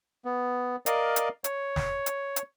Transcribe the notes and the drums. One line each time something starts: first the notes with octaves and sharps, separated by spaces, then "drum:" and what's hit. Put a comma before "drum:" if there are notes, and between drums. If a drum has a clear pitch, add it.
B3
A#4 D5 D#5 F5, drum: hi-hat
drum: hi-hat
C#5, drum: hi-hat
drum: snare
drum: hi-hat
drum: hi-hat